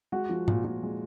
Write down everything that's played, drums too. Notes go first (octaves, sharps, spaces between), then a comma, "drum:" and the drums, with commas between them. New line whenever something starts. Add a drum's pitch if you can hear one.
G#3 F#4 F#5
F3
A#2, drum: tom G#2
A#2
G#3